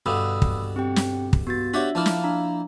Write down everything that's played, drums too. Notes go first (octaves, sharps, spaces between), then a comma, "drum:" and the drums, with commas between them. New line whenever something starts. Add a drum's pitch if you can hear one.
G2 B2 D3 B5 D#6 E6
drum: kick
C4 G4 G5
drum: snare
drum: kick
B3 F#4 A6
D4 F#4 G4 C#5 E5
F3 A#3 E4 A5 F6
drum: snare
D4 A#5